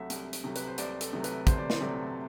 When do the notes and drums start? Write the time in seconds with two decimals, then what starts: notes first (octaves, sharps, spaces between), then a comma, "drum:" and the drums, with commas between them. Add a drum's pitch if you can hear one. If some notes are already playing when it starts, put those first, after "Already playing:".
Already playing: C2 C3 F#3 A3 E5 F#5
0.10 C2, drum: hi-hat
0.33 drum: hi-hat
0.44 C3 F#3 A3
0.56 B4, drum: hi-hat
0.67 C5
0.78 C2 D5, drum: hi-hat
1.01 A4, drum: hi-hat
1.13 C3 F#3 A3
1.24 B4, drum: hi-hat
1.47 C2 C5, drum: kick, hi-hat
1.58 D5
1.70 C5, drum: snare
1.81 C3 F#3 A3 D5